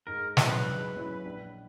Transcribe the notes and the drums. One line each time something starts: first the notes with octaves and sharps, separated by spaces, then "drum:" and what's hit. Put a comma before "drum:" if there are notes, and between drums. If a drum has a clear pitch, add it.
G#2 A#4
F#3 C#4 E4 B4, drum: snare
G#2
F#3 C#4 E4
A#1